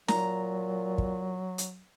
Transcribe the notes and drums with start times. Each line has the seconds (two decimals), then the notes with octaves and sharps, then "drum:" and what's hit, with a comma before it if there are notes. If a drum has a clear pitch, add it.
0.08 A#2 F#3 A#5, drum: snare
0.98 drum: kick
1.58 drum: hi-hat